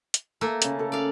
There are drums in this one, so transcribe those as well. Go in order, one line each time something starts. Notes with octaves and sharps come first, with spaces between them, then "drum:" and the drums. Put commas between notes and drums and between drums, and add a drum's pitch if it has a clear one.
drum: hi-hat
A3 A#3
C#3 A5, drum: hi-hat
C#4 A4 A#4
D5 F5